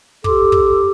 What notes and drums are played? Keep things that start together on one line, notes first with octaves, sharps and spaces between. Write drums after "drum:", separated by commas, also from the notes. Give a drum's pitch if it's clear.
G4 A4 C6 D6, drum: kick
drum: kick